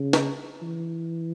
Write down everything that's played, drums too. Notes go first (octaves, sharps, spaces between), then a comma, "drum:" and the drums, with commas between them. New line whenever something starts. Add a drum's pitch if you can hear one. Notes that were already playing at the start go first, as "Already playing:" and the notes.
Already playing: C#3
drum: snare
E3